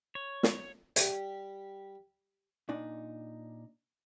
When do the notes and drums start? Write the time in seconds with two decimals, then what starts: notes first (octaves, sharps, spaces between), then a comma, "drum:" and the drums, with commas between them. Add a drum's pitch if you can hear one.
0.15 C#5
0.43 drum: snare
0.96 G3 G4, drum: hi-hat
2.69 A#2 D4 D#4